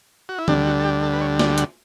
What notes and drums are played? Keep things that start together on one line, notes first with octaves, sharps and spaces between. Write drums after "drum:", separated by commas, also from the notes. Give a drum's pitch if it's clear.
F#4
E4
D2 D3 G3 D4, drum: tom
F#4
A4
G4
A4
B4
C#5
D5, drum: snare
F#5, drum: hi-hat